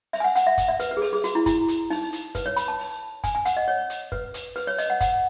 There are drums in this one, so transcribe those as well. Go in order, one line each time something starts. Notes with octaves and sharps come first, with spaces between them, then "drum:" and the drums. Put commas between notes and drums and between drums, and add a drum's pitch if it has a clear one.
E5, drum: open hi-hat
G#5
F#5
F#5, drum: hi-hat
E5
drum: kick, hi-hat
E5
B4, drum: hi-hat
B4
G#4
A4, drum: open hi-hat
G#4
F#4, drum: hi-hat
E4
E4, drum: kick, hi-hat
drum: hi-hat
D#4, drum: open hi-hat
drum: hi-hat
B4, drum: kick, hi-hat
C#5
B5, drum: hi-hat
A5
drum: open hi-hat
G#5, drum: kick, hi-hat
G#5
F#5, drum: hi-hat
D#5
C#5
drum: hi-hat
B4, drum: kick
drum: hi-hat
B4, drum: open hi-hat
C#5
D#5, drum: hi-hat
F#5
F#5, drum: kick, hi-hat